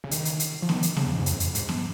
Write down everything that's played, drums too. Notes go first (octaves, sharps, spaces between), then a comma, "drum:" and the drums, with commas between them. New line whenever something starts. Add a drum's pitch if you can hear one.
C#3
D#3, drum: hi-hat
drum: hi-hat
drum: hi-hat
F3
D#3, drum: snare B3
drum: hi-hat
C#3, drum: snare B3
F2
G#2
F2, drum: hi-hat
drum: hi-hat
G#2, drum: hi-hat
drum: snare B3